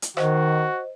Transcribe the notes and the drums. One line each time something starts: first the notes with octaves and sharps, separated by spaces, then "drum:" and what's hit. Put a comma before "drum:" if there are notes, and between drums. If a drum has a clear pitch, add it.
drum: hi-hat
D#3 F#4 C5 D#5, drum: rim click